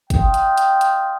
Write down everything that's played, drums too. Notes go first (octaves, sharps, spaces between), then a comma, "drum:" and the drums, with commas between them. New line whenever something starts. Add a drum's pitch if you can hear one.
F4 D#5 G5, drum: kick, hi-hat
drum: hi-hat
drum: hi-hat
drum: hi-hat